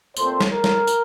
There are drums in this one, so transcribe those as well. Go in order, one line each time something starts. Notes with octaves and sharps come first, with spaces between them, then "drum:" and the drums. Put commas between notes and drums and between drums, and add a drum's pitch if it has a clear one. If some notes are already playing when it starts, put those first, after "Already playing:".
A#2 A3 C4 C5, drum: tambourine
drum: snare
A#4
drum: snare
drum: tambourine